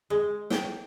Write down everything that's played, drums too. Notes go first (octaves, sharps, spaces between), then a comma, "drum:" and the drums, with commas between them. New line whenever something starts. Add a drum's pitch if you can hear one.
G#3
G5, drum: snare